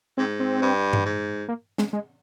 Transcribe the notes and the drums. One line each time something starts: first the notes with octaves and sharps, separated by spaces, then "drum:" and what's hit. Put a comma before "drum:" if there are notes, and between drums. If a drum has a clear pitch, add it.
G#2 C4
C4
G2
drum: tom G2
G#2
A#3
G#3, drum: snare
G#3